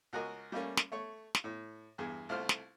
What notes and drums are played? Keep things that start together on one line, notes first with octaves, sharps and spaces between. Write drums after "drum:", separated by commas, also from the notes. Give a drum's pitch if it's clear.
C#2 F#4 A#4 D#5
G3 A3 A#3 C#4
drum: snare
A3 C#5
drum: snare
A2
E2 G2 G#4
C2 A3 F4 C5 F6
drum: snare